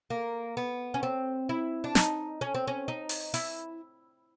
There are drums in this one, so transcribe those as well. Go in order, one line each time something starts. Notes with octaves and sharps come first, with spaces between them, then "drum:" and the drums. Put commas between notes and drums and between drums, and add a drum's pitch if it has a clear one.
A#3
B3
C#4
C4
E4
D4
D#4, drum: snare
C#4
C4
C#4
D#4
drum: open hi-hat
E4, drum: open hi-hat